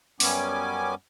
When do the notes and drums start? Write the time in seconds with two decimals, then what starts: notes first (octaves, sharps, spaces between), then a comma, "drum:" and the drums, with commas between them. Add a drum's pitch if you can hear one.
0.20 F#2 G3 B3 C#4 G#5 D6, drum: open hi-hat